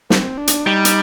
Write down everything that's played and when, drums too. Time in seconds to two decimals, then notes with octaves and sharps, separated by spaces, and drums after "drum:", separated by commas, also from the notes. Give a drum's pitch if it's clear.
0.10 C4, drum: snare
0.38 D4
0.47 drum: hi-hat
0.66 G3 D#4
0.85 drum: hi-hat